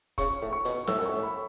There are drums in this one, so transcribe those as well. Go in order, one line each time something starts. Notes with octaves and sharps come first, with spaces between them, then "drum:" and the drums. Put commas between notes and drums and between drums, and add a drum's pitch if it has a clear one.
C#3 C#6, drum: kick, hi-hat
A2
C#6
B2, drum: hi-hat
A2 E6, drum: snare
F#2
A2 C#6
B5